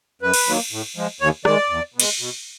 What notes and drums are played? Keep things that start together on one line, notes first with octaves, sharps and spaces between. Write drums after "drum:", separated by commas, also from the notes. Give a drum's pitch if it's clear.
F#2 B4
drum: cymbal
D#3 F#3 A#3
A2
F3 G#3
D#2 C#5
D#3 G#3 D5, drum: rim click
E2
B2
G#3, drum: cymbal
B2